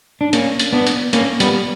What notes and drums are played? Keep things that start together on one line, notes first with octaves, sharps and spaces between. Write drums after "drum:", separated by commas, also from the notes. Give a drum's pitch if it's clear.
D4
A#3 C#4, drum: hi-hat
drum: hi-hat
B3 D4
drum: hi-hat
A#3 C#4, drum: hi-hat
G3 B3, drum: hi-hat